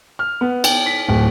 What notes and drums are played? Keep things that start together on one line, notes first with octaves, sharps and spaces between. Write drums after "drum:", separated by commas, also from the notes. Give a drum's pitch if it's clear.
F6
B3
G5, drum: cymbal
B6
D1